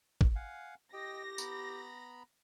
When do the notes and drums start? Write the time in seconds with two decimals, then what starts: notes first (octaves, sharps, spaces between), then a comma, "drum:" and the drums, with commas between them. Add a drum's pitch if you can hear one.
0.21 drum: kick A1
0.35 F5 F#5 G#5
0.93 G4 D#5 G5 A#6
1.38 B3 A#5 B5, drum: tambourine